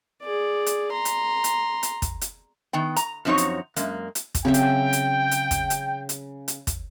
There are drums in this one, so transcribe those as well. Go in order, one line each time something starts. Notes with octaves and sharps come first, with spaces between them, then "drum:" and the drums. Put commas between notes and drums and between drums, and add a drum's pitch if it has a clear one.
G#4 D5
drum: hi-hat
A#5 C6
drum: hi-hat
drum: hi-hat
drum: hi-hat
drum: kick, hi-hat
drum: hi-hat
D#3 B3 G5
A#5, drum: hi-hat
F#2 F3 C4 D#4 F#4 C#5
drum: hi-hat
F#2 G#3 A#3, drum: hi-hat
drum: hi-hat
drum: kick, hi-hat
C#3 F#3 C4 E5 G5
drum: hi-hat
drum: hi-hat
drum: hi-hat
drum: kick, hi-hat
drum: hi-hat
drum: hi-hat
drum: hi-hat
drum: kick, hi-hat